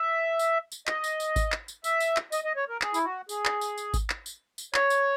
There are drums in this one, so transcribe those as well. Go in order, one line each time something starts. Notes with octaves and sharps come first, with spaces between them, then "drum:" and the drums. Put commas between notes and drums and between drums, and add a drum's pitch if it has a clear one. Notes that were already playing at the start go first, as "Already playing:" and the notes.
Already playing: E5
drum: tambourine
drum: tambourine
D#5, drum: clap
drum: tambourine
drum: tambourine
drum: kick G#1, tambourine
drum: clap
drum: tambourine
E5, drum: tambourine
drum: tambourine
drum: clap
D#5, drum: tambourine
D#5
C#5
A#4
G#4, drum: clap
E4, drum: tambourine
F#4
G#4, drum: tambourine
drum: clap
drum: tambourine
drum: tambourine
drum: kick G#1, tambourine
drum: clap
drum: tambourine
drum: tambourine
C#5, drum: clap
drum: tambourine